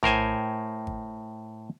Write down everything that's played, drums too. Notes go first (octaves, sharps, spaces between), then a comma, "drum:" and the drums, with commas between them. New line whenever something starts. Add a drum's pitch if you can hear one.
A2 A#4 C5 G#5, drum: tom A#1
drum: kick G#1